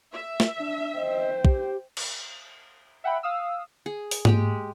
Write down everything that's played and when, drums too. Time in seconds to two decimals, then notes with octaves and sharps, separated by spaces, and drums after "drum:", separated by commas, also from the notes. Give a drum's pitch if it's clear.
0.12 E5
0.40 drum: snare
0.59 D4
0.97 C5 D#5 G5
1.45 G4, drum: kick
1.97 drum: cymbal
3.04 E5 F#5 G5 B5
3.23 F5 D#6 E6
3.86 G#4
4.11 drum: open hi-hat
4.25 G#3 G4 G5, drum: tom G#2